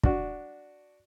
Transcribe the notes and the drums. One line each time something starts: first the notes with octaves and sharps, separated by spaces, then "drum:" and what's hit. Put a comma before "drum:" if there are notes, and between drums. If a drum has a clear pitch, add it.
D4 F#4, drum: kick